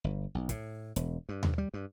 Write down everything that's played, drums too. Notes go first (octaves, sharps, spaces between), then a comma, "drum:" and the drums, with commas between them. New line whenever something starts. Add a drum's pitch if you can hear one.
G1
B1
A2, drum: kick, hi-hat
E1, drum: hi-hat
G2
drum: tom D#2
G3
G2